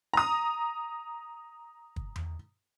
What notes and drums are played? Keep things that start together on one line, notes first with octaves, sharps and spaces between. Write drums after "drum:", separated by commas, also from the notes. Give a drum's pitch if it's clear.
A#5 D#6
drum: kick
drum: tom E2